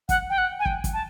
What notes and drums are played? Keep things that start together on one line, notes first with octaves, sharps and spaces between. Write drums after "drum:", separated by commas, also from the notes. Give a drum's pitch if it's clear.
F#5, drum: kick, hi-hat
G5
F#5
G#5
G5, drum: kick
drum: kick, hi-hat
A5